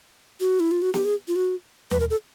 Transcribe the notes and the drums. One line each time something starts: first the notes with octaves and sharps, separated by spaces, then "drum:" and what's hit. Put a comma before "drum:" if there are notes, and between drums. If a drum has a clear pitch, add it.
F#4
E4
F4
F#4
G4, drum: snare
G#4
F4
F#4
B4, drum: tom D#2
A#4
A4